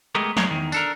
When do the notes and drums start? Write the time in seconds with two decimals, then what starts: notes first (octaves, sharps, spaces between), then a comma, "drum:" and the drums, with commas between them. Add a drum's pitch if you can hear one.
0.15 G#3 A3 B3 G4 G#4 A#4
0.37 A#3 B3 G#4 A#4 C#5, drum: snare
0.50 E2 D#3
0.72 D4 A4 A#4, drum: tambourine